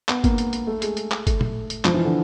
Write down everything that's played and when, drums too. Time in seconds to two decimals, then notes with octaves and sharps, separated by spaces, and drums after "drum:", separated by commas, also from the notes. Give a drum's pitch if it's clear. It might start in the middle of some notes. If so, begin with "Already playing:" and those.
0.09 B3, drum: clap
0.24 A#3, drum: kick G1, hi-hat
0.38 drum: hi-hat
0.53 drum: hi-hat
0.67 A3
0.82 G#3, drum: hi-hat
0.97 drum: hi-hat
1.11 drum: clap
1.27 A3, drum: kick G1, hi-hat
1.41 drum: tom A#2
1.70 drum: hi-hat
1.85 F3, drum: clap
1.94 E3
2.05 D3